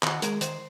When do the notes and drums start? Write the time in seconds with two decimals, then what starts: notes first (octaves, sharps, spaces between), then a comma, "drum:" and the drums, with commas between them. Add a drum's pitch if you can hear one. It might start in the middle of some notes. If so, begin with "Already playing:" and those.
0.03 D#3 F#5, drum: clap
0.22 G#3 A#4, drum: hi-hat
0.41 D#3 C5, drum: hi-hat